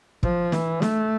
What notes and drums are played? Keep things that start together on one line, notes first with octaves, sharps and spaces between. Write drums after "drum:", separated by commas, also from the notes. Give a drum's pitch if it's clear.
F3, drum: kick
E3, drum: snare
A3, drum: snare